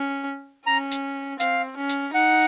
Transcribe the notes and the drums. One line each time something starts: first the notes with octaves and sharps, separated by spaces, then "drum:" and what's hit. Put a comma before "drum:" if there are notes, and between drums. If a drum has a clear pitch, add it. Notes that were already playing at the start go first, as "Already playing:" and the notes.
Already playing: C#4
C#4 A#5
drum: hi-hat
C4 F5, drum: hi-hat
C#4
drum: hi-hat
D#4 F#5